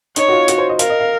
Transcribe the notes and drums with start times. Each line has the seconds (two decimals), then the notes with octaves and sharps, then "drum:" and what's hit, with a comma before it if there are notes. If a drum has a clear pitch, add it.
0.16 D#4 C#5, drum: hi-hat
0.28 F#4
0.33 F4
0.48 F#4, drum: hi-hat
0.58 C5
0.69 D#5
0.79 A#4 F5, drum: hi-hat
0.90 D#5
1.00 F5